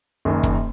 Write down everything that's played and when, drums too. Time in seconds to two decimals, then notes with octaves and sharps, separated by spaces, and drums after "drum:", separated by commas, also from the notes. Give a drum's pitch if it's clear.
0.25 F#1 F#2 D#3
0.43 drum: kick